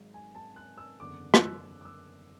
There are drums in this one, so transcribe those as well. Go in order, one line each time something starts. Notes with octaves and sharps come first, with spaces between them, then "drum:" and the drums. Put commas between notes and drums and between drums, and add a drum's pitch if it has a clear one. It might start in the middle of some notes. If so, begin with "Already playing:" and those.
Already playing: G#1 G#2 F#3
G#5
A5
F#6
E6
F#1 E2 D3 D6
F#6, drum: rim click
E6
D6
E6